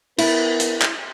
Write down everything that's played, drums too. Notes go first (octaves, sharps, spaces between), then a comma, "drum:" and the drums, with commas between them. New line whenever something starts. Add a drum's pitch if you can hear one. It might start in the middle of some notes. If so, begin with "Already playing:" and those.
B3 E4 A#4, drum: cymbal
drum: hi-hat
drum: clap